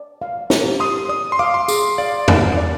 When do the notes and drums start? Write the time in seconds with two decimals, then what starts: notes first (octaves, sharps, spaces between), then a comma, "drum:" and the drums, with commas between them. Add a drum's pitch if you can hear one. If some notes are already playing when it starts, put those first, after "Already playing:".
Already playing: D5
0.22 F5
0.50 G4, drum: snare
0.80 C6 D#6
1.09 D5 D#6
1.32 C6
1.39 F5 D6
1.54 C6
1.68 G#4, drum: tambourine
1.98 D5 F5
2.28 A#4, drum: tom E2
2.57 D5